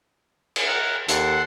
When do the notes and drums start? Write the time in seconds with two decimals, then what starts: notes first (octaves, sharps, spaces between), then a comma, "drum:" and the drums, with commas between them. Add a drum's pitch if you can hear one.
0.56 drum: cymbal
0.66 A#4 F#5
1.09 D#2 A4 F#5 C6, drum: hi-hat